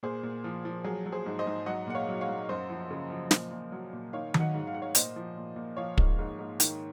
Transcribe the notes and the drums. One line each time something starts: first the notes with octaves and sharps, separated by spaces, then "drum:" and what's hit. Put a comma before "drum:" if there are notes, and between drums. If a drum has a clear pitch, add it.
A#2 G#4 C5
A#2
F3
F3
F#3 G#4
F#3
G#4 C5
G#2
C5 D#5
G#2
F#3 D#5 F#5
A#2 F#5
C#5 F5
F#3
C#5 F5
F#3
F#2 C5 D#5
F3
C#3
F3
A#2, drum: snare
A#2
F#3
A#2
D#3 C#5 F5
F#3, drum: tom D#3
D#5 F#5
G#2
F5
G#2 F#5
C#5 F5
A#2 C5 D#5, drum: hi-hat
F3
A#2
A#2
F3 C#5 F5
G#2, drum: kick
G#2
G#2
D#3, drum: hi-hat